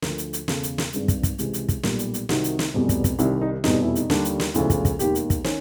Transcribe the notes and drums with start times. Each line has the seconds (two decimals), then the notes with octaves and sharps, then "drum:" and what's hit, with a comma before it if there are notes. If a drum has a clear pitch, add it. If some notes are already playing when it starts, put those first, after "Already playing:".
0.02 D2 D3 F3 A#4, drum: snare
0.18 drum: hi-hat
0.33 drum: hi-hat
0.48 E1 E2 C#3 A4, drum: snare
0.63 drum: hi-hat
0.78 drum: snare
0.93 G#1 G2 D#3 G3 G#4, drum: hi-hat
1.08 drum: kick, hi-hat
1.23 drum: kick, hi-hat
1.38 C#2 C3 E3 G#3 G4, drum: hi-hat
1.53 drum: hi-hat
1.69 drum: kick, hi-hat
1.83 B1 A#2 G3, drum: snare
1.99 drum: hi-hat
2.14 drum: hi-hat
2.29 C2 C3 D#3 F#4, drum: snare
2.44 drum: hi-hat
2.59 drum: snare
2.74 F1 E2 B2 G3
2.89 drum: kick, hi-hat
3.04 drum: kick, hi-hat
3.19 C2 C3 D#3 G3 E4, drum: hi-hat
3.42 D#4
3.64 F1 E2 B2 G3 D#4, drum: snare
3.83 E4
3.95 D#4, drum: hi-hat
4.10 D#2 D3 G3 D4, drum: snare
4.25 drum: hi-hat
4.40 drum: snare
4.54 E1 D2 C#3 F3 E4, drum: hi-hat
4.70 drum: kick, hi-hat
4.85 drum: kick, hi-hat
4.99 E1 D#2 D#3 G4, drum: hi-hat
5.15 drum: hi-hat
5.30 drum: kick, hi-hat
5.44 D#3 C#4, drum: snare